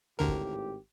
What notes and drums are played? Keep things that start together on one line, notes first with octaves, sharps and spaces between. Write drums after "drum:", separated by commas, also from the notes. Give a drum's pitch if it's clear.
G#1 D2 A2 D3 G4 A#4
drum: kick